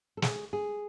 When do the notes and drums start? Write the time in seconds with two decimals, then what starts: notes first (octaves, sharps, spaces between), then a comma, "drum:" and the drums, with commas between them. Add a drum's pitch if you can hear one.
0.17 A4
0.22 G#4, drum: snare
0.53 G#4